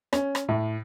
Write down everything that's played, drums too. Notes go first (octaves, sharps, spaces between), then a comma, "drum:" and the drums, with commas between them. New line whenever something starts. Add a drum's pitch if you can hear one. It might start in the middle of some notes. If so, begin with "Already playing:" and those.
C#4, drum: rim click
drum: rim click
A2